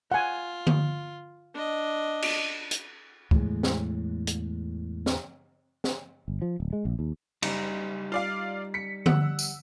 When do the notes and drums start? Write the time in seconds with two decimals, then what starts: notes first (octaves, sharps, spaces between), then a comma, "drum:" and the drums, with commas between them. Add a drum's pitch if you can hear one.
0.12 F4 F#5 G#5
0.67 drum: tom D3
1.54 D4 D#5
2.22 drum: cymbal
2.71 drum: hi-hat
3.31 E2 A2 G#3, drum: kick
3.63 drum: snare
4.27 drum: hi-hat
5.06 drum: snare
5.84 drum: snare
6.28 G1
6.42 F3
6.60 D1
6.73 G#3
6.85 A#1
6.99 D#2
7.42 F#1 G3 D#4, drum: cymbal
8.12 F4 D5 F5
8.74 B6 C#7
9.06 F#5 E6, drum: tom D3
9.39 drum: tambourine